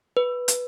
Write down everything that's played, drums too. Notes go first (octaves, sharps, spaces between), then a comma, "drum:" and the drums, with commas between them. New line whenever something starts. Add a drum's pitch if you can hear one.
B4
drum: hi-hat